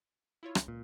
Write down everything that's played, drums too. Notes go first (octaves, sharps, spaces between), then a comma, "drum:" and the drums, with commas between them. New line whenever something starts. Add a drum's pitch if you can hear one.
E4 F4 C#5
C#2, drum: rim click
A#2